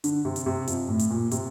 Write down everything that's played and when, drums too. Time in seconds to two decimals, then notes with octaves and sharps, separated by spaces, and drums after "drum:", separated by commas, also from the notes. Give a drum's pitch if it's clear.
0.04 D3, drum: hi-hat
0.25 C3
0.36 drum: hi-hat
0.46 C3
0.67 F2, drum: hi-hat
0.89 A2
0.99 drum: hi-hat
1.10 A#2
1.31 C3, drum: hi-hat